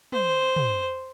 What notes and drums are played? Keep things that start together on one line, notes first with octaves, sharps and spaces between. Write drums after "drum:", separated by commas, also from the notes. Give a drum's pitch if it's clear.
C5, drum: tom
drum: tom